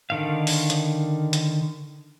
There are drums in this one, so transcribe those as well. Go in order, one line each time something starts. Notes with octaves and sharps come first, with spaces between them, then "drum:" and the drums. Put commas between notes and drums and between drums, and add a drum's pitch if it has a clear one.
D3 D#3 F5
drum: open hi-hat
drum: hi-hat
drum: hi-hat